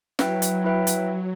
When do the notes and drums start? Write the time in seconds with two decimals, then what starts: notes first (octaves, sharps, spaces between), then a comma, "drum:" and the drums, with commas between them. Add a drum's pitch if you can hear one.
0.19 F#3 E4 B4 E5 G5, drum: snare
0.42 drum: hi-hat
0.64 E4 B4 E5 G5
0.87 drum: hi-hat